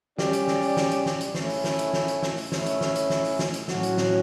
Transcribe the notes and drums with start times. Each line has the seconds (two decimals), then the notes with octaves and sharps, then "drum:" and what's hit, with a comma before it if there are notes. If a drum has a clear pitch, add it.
0.18 G3 C#4 G4 D5, drum: snare
0.33 drum: hi-hat
0.48 drum: snare
0.62 drum: open hi-hat
0.77 drum: snare
0.91 drum: hi-hat
1.06 drum: snare
1.20 drum: hi-hat
1.35 A3 C#4 E4, drum: snare
1.50 drum: open hi-hat
1.64 drum: snare
1.79 drum: hi-hat
1.93 drum: snare
2.08 drum: hi-hat
2.23 drum: snare
2.37 drum: open hi-hat
2.52 A3 C#4 E4, drum: snare
2.66 drum: hi-hat
2.81 drum: snare
2.95 drum: hi-hat
3.10 drum: snare
3.25 drum: open hi-hat
3.39 drum: snare
3.54 drum: hi-hat
3.68 A2 F#3 C#4 F#4, drum: snare
3.83 drum: hi-hat
3.97 drum: snare